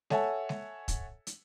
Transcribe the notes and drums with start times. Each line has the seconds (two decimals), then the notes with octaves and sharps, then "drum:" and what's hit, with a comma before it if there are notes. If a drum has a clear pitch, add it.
0.10 A4 C#5 E5 F#5 G#5 A5, drum: snare
0.49 drum: snare
0.88 drum: kick, hi-hat
1.27 drum: hi-hat